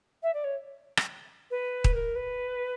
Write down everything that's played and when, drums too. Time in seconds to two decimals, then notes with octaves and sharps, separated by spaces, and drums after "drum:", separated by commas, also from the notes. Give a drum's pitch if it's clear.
0.23 E5
0.33 D5
0.44 C#5
0.97 drum: rim click
1.50 B4
1.84 drum: kick D#1
1.94 A#4
2.15 B4